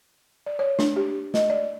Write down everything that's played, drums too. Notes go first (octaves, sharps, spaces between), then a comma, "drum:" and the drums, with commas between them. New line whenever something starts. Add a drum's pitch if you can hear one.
D5
C#5
D4, drum: snare
G4
D#5, drum: snare
D5